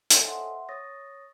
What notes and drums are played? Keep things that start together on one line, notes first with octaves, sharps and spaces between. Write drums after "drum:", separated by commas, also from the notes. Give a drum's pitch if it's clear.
A4 C5 C#5 D#5 E5 G#5, drum: hi-hat
E5 F#5 C6
C#5 C#6 D#6 A6 A#6